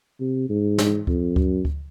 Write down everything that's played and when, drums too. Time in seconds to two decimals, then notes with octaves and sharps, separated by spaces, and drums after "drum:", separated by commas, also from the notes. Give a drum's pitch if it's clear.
0.20 C3
0.49 G#2
0.78 drum: snare
1.07 F2, drum: kick D2
1.36 F#2, drum: kick D2
1.65 drum: kick D2